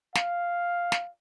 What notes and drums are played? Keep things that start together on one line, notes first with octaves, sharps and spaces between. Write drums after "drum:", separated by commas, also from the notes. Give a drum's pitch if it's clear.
F5, drum: snare
drum: snare